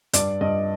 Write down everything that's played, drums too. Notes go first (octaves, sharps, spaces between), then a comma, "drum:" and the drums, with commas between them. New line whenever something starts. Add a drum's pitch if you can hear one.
G2 D5, drum: hi-hat
G2 D#5